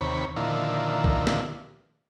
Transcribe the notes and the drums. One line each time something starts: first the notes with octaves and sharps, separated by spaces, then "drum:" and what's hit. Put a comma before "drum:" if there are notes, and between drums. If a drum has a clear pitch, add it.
D#2 C3 C#5 B5
A#2 D3 D#3 F3 E4
drum: kick
drum: snare